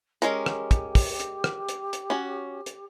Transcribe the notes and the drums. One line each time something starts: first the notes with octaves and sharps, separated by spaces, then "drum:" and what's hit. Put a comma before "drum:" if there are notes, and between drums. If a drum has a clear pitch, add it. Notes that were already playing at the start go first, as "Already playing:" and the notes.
G#3 C#4 G4 A#4, drum: hi-hat
drum: rim click
drum: kick, hi-hat
drum: kick, open hi-hat
drum: hi-hat
drum: rim click
drum: hi-hat
drum: hi-hat
C#4 F#4
drum: hi-hat